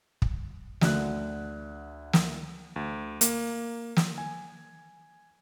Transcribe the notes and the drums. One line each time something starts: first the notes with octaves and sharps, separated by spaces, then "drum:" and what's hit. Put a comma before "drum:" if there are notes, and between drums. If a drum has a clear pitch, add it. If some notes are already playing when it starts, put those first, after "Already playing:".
drum: kick
D2 D3 F#6, drum: snare
drum: snare
D2
A#3, drum: hi-hat
drum: snare
G#5